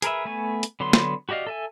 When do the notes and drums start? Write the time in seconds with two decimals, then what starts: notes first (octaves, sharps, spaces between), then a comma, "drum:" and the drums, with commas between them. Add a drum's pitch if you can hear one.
0.02 G#4 A#4 B4 E5, drum: hi-hat
0.25 A3 B3 G#5 C#6
0.63 drum: hi-hat
0.80 D3 F#3 B3 C6
0.93 drum: snare
1.29 F#4 G4 D5 D#5 F5
1.47 A4 E5 G#5